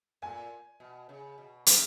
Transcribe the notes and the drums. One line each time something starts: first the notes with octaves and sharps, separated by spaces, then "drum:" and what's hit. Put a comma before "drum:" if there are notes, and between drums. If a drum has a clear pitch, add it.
A#2 G#5
B2
C#3
B2
C#3, drum: hi-hat